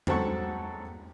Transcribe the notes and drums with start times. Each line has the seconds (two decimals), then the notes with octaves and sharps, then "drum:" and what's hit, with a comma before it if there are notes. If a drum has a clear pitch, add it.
0.07 G#2 F#3 C4 A4 F#5 C#6, drum: tom